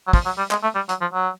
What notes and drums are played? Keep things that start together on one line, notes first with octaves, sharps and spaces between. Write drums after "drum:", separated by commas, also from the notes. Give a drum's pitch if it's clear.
F#3
F3, drum: kick, open hi-hat
F#3
G3
G#3, drum: clap
A3
G3
F#3, drum: hi-hat
F3
F#3